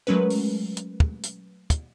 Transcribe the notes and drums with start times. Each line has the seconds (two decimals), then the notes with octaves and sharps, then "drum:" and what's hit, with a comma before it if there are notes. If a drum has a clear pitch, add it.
0.07 F#3 G#3 A3 C#4 A#4 B4
0.30 drum: open hi-hat
0.77 drum: hi-hat
1.00 drum: kick
1.23 drum: hi-hat
1.70 drum: kick, hi-hat